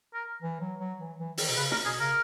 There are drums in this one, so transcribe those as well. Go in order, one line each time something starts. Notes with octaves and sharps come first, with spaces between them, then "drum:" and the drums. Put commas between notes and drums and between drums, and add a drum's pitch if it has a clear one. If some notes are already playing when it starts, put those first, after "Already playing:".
A#4
E3
F#3
F#3
E3
E3
D#3, drum: open hi-hat
B2
C#3 B4
A#4, drum: snare
B2 G#4
C#3 A#4